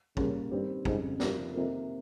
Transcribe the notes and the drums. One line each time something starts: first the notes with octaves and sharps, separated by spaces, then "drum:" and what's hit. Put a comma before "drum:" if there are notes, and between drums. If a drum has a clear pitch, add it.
A#2 C#3 G3 A#3 C#4, drum: kick
G2 D#3 G3 C4 G4
F2 G#2 C#3 G3, drum: kick
G2 C3 F3 A#3, drum: snare
F2 C3 D#3 A#3